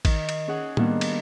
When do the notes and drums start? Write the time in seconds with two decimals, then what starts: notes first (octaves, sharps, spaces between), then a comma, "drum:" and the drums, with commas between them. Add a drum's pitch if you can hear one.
0.05 D#3, drum: kick, cymbal
0.29 drum: cymbal
0.47 C#4 G#4 F#5
0.77 D#3 G3 A#3 B3 D4, drum: tom A2
1.01 drum: cymbal